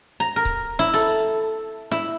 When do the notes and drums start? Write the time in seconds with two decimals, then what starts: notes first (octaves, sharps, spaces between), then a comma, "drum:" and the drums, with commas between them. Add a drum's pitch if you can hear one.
0.20 A#5
0.36 A#4
0.45 drum: kick C#1
0.79 E4
0.94 A4, drum: open hi-hat
1.91 E4, drum: snare